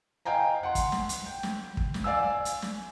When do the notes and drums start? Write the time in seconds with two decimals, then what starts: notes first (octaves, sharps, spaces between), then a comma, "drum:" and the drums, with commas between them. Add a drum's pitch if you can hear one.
0.25 D#5 F5 G5 G#5 A#5
0.63 F#5 C6
0.75 drum: kick, hi-hat
0.92 drum: snare
1.09 drum: hi-hat
1.26 G5
1.43 drum: snare
1.77 drum: kick
1.94 drum: snare
2.04 D5 F5 G#5 E6
2.30 G#5
2.45 drum: hi-hat
2.62 drum: snare